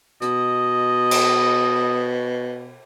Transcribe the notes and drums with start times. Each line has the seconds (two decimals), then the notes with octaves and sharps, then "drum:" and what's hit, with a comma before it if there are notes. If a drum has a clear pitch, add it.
0.22 B2 D#5, drum: hi-hat
1.11 drum: cymbal